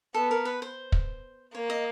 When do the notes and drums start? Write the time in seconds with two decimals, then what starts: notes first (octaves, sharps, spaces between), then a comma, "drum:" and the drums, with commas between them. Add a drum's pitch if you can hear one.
0.14 B3 A4
0.31 A#4
0.45 B4
0.62 C5
0.92 drum: kick
1.55 A#3 C#5
1.70 D#5